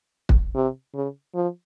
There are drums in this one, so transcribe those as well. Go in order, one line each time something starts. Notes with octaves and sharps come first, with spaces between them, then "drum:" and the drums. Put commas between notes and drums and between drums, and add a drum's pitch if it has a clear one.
drum: kick
C3
C#3
F3